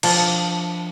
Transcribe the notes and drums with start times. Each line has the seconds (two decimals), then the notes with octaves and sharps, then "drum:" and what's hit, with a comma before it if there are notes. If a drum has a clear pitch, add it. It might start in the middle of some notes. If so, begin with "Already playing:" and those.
0.03 F3 D4, drum: cymbal